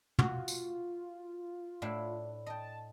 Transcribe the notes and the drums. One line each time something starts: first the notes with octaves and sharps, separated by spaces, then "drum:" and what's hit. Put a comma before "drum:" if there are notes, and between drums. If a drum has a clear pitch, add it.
F4 F#4, drum: tom
drum: tambourine
A2 D4 E4
D#5 G5 A5